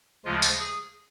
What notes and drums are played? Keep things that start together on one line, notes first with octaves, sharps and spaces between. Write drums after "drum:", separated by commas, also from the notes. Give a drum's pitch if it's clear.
D2 C#3 F3 G#3 F4
drum: tambourine
G#4